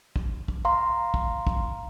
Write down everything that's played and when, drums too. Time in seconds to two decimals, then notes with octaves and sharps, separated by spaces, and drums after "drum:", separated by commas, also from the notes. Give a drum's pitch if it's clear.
0.16 drum: kick
0.48 drum: kick
0.65 F5 A#5 C6
1.14 drum: kick
1.47 drum: kick